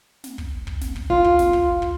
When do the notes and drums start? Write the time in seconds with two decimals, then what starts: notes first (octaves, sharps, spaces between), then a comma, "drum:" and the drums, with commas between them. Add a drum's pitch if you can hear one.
0.24 drum: snare
0.38 drum: kick
0.67 drum: kick
0.81 drum: snare
0.96 drum: kick
1.10 F4
1.24 drum: kick
1.39 drum: snare
1.53 drum: kick
1.82 drum: kick